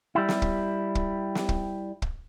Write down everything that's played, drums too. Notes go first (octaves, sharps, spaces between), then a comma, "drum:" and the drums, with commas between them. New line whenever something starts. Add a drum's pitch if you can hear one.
G3 E4
drum: snare
drum: kick
drum: kick
drum: snare
drum: kick
drum: kick